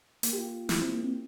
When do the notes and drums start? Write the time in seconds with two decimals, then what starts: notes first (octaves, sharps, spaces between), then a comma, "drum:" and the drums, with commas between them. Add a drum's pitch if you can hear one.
0.23 A#3, drum: hi-hat
0.33 G4
0.38 F4
0.69 E4, drum: snare
0.81 C4
0.92 A#3
1.03 C4